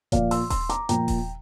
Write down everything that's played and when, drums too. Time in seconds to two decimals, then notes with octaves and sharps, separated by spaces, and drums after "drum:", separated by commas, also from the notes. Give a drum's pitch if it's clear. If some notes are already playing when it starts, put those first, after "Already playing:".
0.12 A#2 F3 D5 F5, drum: kick D#1, hi-hat
0.31 C6 E6, drum: open hi-hat
0.50 C6 E6, drum: kick D#1, open hi-hat
0.69 A#5 D6, drum: hi-hat
0.89 A#2 F3 G5 A#5, drum: hi-hat
1.08 drum: kick D#1, open hi-hat